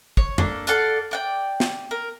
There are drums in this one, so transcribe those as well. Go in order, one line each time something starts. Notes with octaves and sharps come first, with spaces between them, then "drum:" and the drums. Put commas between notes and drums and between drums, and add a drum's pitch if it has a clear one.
C#5, drum: kick
A#3 D4 A4, drum: tom
A4 D5 F5 F#5, drum: hi-hat
D5 F#5 G5
drum: snare
A#4